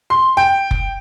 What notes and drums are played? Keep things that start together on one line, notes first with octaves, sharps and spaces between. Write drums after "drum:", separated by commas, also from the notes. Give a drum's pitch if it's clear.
C6
G5
drum: kick F1